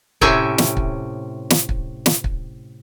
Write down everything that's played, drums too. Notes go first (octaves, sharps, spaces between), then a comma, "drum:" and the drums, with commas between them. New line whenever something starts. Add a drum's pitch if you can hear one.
A2 C3 C#4 E5 G5 G#5, drum: kick
drum: snare
drum: kick
drum: snare
drum: kick
drum: snare
drum: kick